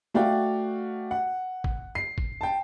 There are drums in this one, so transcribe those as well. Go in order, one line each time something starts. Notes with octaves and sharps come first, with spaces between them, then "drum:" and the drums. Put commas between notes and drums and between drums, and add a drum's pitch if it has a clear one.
A3 F#4 D5 F5 G5
F#5
drum: kick
C7
drum: kick
G5 A5